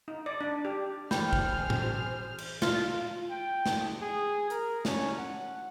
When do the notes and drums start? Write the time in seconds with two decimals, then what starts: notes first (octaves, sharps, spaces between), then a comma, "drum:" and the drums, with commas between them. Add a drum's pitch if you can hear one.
0.08 D#4
0.26 D5
0.41 D4
0.65 G4
1.11 E3 G#4 C5 G5 B5 F6 G6, drum: snare
1.33 drum: kick
1.70 drum: tom A2
2.38 drum: cymbal
2.62 F4, drum: snare
3.30 G5
3.66 drum: snare
4.02 G#4
4.50 A#4, drum: hi-hat
4.85 C#4, drum: snare
5.18 F#5